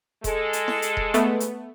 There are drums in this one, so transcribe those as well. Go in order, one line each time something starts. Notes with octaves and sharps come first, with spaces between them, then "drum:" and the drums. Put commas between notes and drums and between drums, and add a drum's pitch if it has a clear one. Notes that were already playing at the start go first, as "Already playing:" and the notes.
G#3 A4, drum: kick E1, hi-hat
drum: hi-hat
drum: snare E4
drum: hi-hat
drum: kick E1
A3 B3, drum: hi-hat
drum: hi-hat